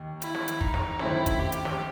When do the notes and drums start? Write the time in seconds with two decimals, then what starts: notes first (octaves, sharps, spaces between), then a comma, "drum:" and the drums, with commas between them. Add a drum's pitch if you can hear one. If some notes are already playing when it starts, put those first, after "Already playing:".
Already playing: D#2 D#3
0.22 E4, drum: hi-hat
0.35 drum: snare
0.48 drum: hi-hat
0.61 D#4, drum: kick
0.74 drum: snare
0.99 F#2 D#3 A3 C4 E4, drum: snare
1.26 drum: kick, hi-hat
1.39 G4
1.52 drum: hi-hat
1.65 drum: snare